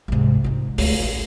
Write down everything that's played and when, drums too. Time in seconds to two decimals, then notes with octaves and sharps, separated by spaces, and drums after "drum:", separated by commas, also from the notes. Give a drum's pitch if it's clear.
0.08 C2 G#2
0.44 G#2 D#4
0.78 D2 A3, drum: open hi-hat
1.02 A1